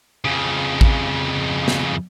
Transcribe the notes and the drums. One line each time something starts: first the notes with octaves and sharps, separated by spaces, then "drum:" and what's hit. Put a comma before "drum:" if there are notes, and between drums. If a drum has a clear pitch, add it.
F2 C#3
drum: kick
drum: snare